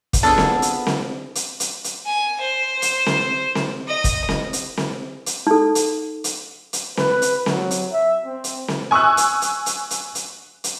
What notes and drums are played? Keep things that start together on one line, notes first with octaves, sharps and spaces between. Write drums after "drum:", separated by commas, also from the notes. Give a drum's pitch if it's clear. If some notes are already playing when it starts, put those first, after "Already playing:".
drum: kick, hi-hat
B3 D4 F4 G#4 A4
drum: snare C4
drum: hi-hat
drum: snare C4
drum: hi-hat
drum: hi-hat
drum: hi-hat
G#5
C5
drum: hi-hat
drum: snare C4
drum: snare C4
D#5
drum: kick, hi-hat
drum: snare C4
drum: hi-hat
drum: snare C4
drum: hi-hat
D#4 A4
drum: hi-hat
drum: hi-hat
drum: hi-hat
B4, drum: snare C4
drum: hi-hat
F#3, drum: snare C4
drum: hi-hat
E5
C4
drum: hi-hat
drum: snare C4
G#5 C#6 D#6 E6 F#6
drum: hi-hat
drum: hi-hat
drum: hi-hat
drum: hi-hat
drum: hi-hat
drum: hi-hat